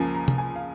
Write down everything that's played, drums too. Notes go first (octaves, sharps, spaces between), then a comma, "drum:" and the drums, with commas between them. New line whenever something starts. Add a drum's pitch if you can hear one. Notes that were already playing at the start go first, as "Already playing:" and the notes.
Already playing: C#2 C#3 F3 A#3 G#5
A#5
drum: tom C3
G#5
F5